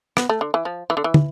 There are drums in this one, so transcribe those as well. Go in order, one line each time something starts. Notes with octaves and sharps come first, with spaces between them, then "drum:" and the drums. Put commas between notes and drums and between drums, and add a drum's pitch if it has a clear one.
B3, drum: rim click
A3
D3
E3
F3
E3
D3
E3
drum: tom